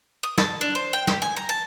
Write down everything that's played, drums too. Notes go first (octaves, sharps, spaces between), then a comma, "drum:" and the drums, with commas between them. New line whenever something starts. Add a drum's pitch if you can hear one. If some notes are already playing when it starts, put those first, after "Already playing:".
D#6
A5, drum: snare
D4
C5
G5
G4, drum: snare
G#5
A#5
A5